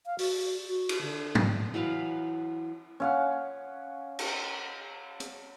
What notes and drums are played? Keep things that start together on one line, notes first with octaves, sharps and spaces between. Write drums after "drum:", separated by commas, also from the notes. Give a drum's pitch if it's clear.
F5
F#4, drum: open hi-hat
F#4
drum: cymbal
D3
drum: tom
E3 F#3 B4 F5
C#4 F5 F#5
drum: cymbal
drum: hi-hat